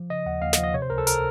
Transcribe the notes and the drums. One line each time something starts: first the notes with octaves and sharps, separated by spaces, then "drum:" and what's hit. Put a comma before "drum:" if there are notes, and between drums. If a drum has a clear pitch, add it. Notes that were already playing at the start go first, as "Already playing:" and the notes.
Already playing: F3
C#3 D#5
D#2 F#5
D#2 F5
D#5, drum: snare
F3
D#5
C3 C#5
C5
C#2 A#4
A4
A#4, drum: hi-hat